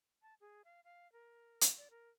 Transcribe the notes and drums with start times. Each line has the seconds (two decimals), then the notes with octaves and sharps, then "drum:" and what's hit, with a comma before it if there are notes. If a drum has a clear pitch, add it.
0.22 A5
0.41 G#4
0.65 F5
0.84 F5
1.12 A#4
1.61 drum: hi-hat
1.78 D5
1.90 A#4